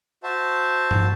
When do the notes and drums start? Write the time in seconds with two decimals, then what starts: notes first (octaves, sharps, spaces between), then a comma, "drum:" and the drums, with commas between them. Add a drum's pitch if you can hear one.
0.23 F#4 C5 E5 A5
0.91 drum: tom G2